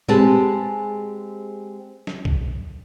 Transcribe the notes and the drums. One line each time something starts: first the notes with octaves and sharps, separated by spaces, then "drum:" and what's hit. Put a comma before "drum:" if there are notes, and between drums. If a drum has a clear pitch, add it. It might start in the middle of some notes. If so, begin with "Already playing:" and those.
G#3 C4 G4 G#4 B4 A5, drum: tom A#2
drum: snare
drum: kick